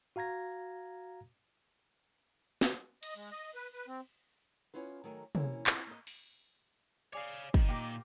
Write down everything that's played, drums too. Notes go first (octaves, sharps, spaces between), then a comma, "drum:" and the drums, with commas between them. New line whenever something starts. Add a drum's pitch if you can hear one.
F#4 F5 A#5 G#6 A#6
drum: snare
D#5, drum: cymbal
G#3
D#5
B4
B4
C4
B3 C#4 E4 F4 B4
D#3 F#3 A3 A#4 G#5
E3 A#3 C4 C#4, drum: tom
B3 C4 D#4 F4, drum: clap
A#3 D#5
drum: open hi-hat
G#4 C#5 D5 F5
D#3, drum: kick
A#2 A#3 G4 A#4